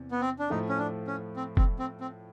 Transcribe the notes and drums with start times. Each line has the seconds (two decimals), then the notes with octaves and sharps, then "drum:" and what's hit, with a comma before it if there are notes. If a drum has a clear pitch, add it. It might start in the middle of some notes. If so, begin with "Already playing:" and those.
Already playing: E2 C3
0.11 B3
0.21 C4
0.39 D4
0.50 A2 F3 A3 D#4
0.69 C#4
0.78 D4
1.07 C#4
1.36 C4
1.57 C4, drum: kick
1.79 C4
2.00 C4